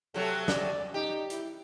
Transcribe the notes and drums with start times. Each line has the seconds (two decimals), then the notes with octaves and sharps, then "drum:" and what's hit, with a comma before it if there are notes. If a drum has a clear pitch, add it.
0.14 C3 F#3 A3 A4
0.48 D5, drum: snare
0.94 D#4 G4
1.30 E4, drum: hi-hat